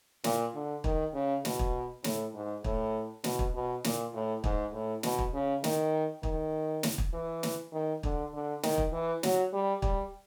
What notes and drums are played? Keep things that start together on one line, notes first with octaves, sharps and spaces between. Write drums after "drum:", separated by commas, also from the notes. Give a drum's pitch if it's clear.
A#2, drum: snare
D3
D#3, drum: kick
C#3
B2, drum: snare
drum: kick
A2, drum: snare
G#2
A2, drum: kick
B2, drum: snare
drum: kick
B2
A#2, drum: snare
A2
G#2, drum: kick
A2
B2, drum: snare
drum: kick
C#3
D#3, drum: snare
D#3, drum: kick
drum: snare
drum: kick
E3
drum: snare
D#3
D3, drum: kick
D3
D#3, drum: snare
drum: kick
E3
F#3, drum: snare
G3
G3, drum: kick